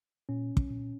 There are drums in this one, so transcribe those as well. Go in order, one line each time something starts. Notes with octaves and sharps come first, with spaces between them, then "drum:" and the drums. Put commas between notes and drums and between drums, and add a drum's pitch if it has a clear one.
A#2 C#4
drum: kick
A#2